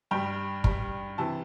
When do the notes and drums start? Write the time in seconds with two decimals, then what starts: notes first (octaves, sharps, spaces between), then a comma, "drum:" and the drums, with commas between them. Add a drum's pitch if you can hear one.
0.11 G2 G3 G5
0.64 G2 G3, drum: kick
1.18 C3 E3 A5